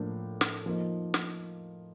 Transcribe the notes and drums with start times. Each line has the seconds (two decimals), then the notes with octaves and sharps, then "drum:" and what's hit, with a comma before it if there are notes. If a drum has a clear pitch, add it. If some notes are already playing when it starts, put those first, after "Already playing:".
Already playing: A2 F3 A#3 D4
0.41 drum: snare
0.66 F3 A#3 D#4
1.14 drum: snare